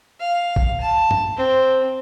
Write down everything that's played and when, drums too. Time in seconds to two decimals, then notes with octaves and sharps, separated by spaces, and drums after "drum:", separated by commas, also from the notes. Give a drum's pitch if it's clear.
0.20 F5
0.56 drum: kick A1
0.81 A5
1.11 drum: tom
1.37 C4